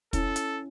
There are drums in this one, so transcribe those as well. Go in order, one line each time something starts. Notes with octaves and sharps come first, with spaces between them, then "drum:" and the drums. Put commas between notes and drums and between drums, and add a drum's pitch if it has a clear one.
C#4 E4 A4, drum: kick, hi-hat
drum: hi-hat